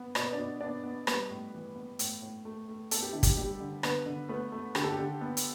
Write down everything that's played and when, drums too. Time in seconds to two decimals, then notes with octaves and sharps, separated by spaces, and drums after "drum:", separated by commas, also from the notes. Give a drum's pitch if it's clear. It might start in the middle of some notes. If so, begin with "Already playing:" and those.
Already playing: B3
0.15 B2 D5, drum: rim click
0.24 B4
0.33 D4 D5
0.38 B2
0.61 B3 D4 D5
0.84 B3
1.07 G3 B3 B4, drum: rim click
1.30 A2
1.54 E3
1.76 B3
1.99 A2, drum: hi-hat
2.22 A2
2.45 A3
2.68 A3
2.91 B3 A4, drum: hi-hat
3.02 G4
3.13 D3 E4
3.23 G4, drum: kick, hi-hat
3.37 G3 G4
3.60 D3
3.83 D3 B3 B4, drum: rim click
4.06 D3
4.29 A3 B3 B4
4.52 A3
4.75 D3 G4, drum: rim click
4.84 A4
4.92 G4
4.99 D3
5.21 B3
5.37 drum: hi-hat